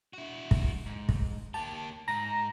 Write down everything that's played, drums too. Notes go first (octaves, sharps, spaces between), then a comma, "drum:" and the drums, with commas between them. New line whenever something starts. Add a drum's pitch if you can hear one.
E4 F#4
drum: kick
G#2
drum: kick
A#3 G4 A5
G#2 A#5 A#6